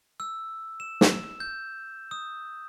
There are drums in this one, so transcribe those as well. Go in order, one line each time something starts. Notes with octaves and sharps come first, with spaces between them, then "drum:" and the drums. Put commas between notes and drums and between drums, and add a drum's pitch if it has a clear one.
E6
E7
drum: snare
G6
D#6